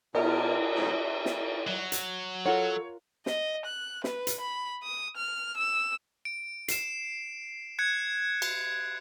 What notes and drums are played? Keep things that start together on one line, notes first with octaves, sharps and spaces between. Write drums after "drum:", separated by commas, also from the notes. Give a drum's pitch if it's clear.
B2 A#4, drum: cymbal
D2 G#2 C3 F#3 A3 E4
drum: snare
F#3
drum: hi-hat
F4 A4 A#4 C#5 F#5
D#5, drum: snare
F#6
B4, drum: snare
drum: hi-hat
B5
D#6
F6
E6
D7
C7 E7, drum: hi-hat
F#6 G#6 C#7
drum: cymbal